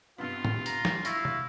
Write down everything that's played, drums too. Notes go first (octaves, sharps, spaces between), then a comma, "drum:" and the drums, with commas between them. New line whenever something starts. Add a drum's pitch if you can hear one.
G2 C3 B3 F4
drum: tom
A#5, drum: hi-hat
drum: snare
E4 F5 C#6 E6 A#6, drum: hi-hat
drum: tom B2